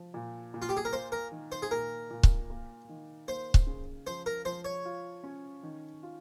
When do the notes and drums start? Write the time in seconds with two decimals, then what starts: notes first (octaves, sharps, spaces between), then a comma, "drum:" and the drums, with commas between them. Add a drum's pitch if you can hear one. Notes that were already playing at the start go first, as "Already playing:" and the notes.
Already playing: F3
0.14 A#2
0.54 A#2
0.62 F4
0.69 G4
0.77 G#4
0.85 A#4
0.93 A#3 C5
1.12 A#4
1.32 D#3
1.52 C5
1.62 G#4
1.71 A#2 A#4
2.11 A#2
2.23 drum: kick C#1
2.50 A#3
2.89 D#3
3.28 A#3 C5
3.54 drum: kick C#1
3.67 C#3
4.07 F3 C5
4.26 A#4
4.45 F3 C5
4.65 C#5
4.85 F4
5.23 C#4
5.63 D#3
6.03 F4